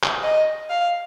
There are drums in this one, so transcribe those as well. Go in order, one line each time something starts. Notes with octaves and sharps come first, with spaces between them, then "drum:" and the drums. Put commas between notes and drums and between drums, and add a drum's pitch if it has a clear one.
drum: clap
D#5
F5